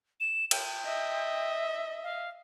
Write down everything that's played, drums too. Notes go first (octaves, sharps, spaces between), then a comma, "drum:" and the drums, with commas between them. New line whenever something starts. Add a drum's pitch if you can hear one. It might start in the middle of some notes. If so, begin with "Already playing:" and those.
E7
G5, drum: cymbal
D#5 E5
F5